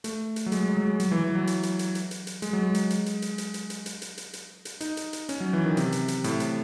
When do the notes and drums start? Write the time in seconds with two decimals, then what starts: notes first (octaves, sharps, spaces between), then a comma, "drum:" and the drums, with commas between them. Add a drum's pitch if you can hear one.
0.04 A3, drum: hi-hat
0.36 drum: hi-hat
0.46 F#3
0.52 G#3, drum: hi-hat
0.64 G#3
0.76 F#3
0.88 G#3
1.00 F#3, drum: hi-hat
1.12 E3
1.24 E3
1.35 F#3
1.47 drum: hi-hat
1.63 drum: hi-hat
1.79 drum: hi-hat
1.95 drum: hi-hat
2.11 drum: hi-hat
2.27 drum: hi-hat
2.42 G#3, drum: hi-hat
2.53 F#3
2.63 G#3
2.75 drum: hi-hat
2.90 drum: hi-hat
3.06 drum: hi-hat
3.22 drum: hi-hat
3.38 drum: hi-hat
3.54 drum: hi-hat
3.70 drum: hi-hat
3.86 drum: hi-hat
4.02 drum: hi-hat
4.18 drum: hi-hat
4.33 drum: hi-hat
4.65 drum: hi-hat
4.81 D#4, drum: hi-hat
4.97 drum: hi-hat
5.13 drum: hi-hat
5.29 C#4, drum: hi-hat
5.40 F#3
5.53 E3
5.64 D#3
5.77 C3, drum: hi-hat
5.92 drum: hi-hat
6.08 drum: hi-hat
6.24 A2, drum: hi-hat
6.40 drum: hi-hat